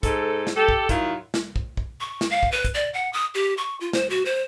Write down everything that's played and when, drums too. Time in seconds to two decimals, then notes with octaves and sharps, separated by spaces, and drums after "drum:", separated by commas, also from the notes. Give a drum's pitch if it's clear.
0.03 G#2 A4, drum: kick, hi-hat
0.47 drum: snare
0.57 G4 A4
0.68 drum: kick
0.89 D#3 F#3 E4 F4, drum: kick, hi-hat
1.34 drum: snare
1.56 drum: kick
1.77 drum: kick
2.00 C#6
2.21 drum: snare
2.30 F5
2.43 drum: kick
2.52 B4
2.65 drum: kick, hi-hat
2.74 D5
2.94 F#5
3.13 D#6
3.35 G4
3.58 C#6
3.81 F4
3.93 C5, drum: snare
4.10 F#4
4.25 C5